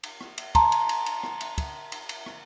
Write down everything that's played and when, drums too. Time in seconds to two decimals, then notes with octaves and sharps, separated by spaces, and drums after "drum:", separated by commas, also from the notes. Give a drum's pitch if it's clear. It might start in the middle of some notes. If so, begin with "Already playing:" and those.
0.03 drum: cymbal
0.21 drum: rim click
0.38 drum: cymbal
0.55 A5 A#5 C6, drum: kick, cymbal
0.72 drum: cymbal
0.89 drum: cymbal
1.06 drum: cymbal
1.23 drum: rim click
1.41 drum: cymbal
1.58 drum: kick, cymbal
1.92 drum: cymbal
2.09 drum: cymbal
2.26 drum: rim click